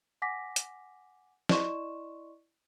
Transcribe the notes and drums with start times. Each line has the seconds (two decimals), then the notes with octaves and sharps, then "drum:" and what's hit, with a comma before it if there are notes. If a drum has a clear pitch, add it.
0.22 F#5 G#5 D6 A#6 B6
0.56 drum: hi-hat
1.49 E4 D5 D#5 C6 C#6 E7, drum: snare